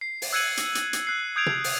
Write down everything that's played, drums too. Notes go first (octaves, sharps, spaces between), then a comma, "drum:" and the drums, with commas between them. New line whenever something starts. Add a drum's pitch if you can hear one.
C7
drum: open hi-hat
E6 F#6 G#6 C#7 D#7 F#7
drum: hi-hat
F#7, drum: hi-hat
drum: hi-hat
F#6 C7
D#6 G6 G#6 D7 F7
drum: tom
drum: open hi-hat